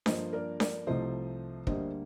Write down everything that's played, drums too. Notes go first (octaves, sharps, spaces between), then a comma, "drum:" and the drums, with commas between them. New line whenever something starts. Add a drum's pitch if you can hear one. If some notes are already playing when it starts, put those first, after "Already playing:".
G2 F3 A#3 C5 D#5, drum: snare D4
A#4 D5
A#4 D5, drum: snare D4
C2 C3 F3 A3 C5 D#5
D2 D3 G3 A#3 C5 D#5, drum: kick